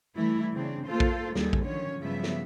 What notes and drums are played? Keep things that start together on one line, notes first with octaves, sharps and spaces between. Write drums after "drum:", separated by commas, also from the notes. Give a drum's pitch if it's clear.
E3 G3 A3 E4
C#3 C4 D4
A#3 F4 A4 C5
drum: kick A#1
D#2 G3 G#4 A4, drum: snare
drum: kick A#1
D3 D#3 F3 F#3 C#4 C#5
G2 C#3 F3 G3 B3 E5
drum: snare